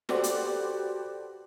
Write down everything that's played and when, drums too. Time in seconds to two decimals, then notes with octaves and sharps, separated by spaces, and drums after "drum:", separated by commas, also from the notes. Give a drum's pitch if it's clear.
0.09 F#4 G4 A4 B4 C5 D5, drum: snare
0.24 drum: hi-hat